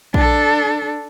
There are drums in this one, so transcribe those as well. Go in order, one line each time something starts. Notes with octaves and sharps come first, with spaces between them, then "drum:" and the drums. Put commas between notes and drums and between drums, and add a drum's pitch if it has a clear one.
D4 A4, drum: kick A#1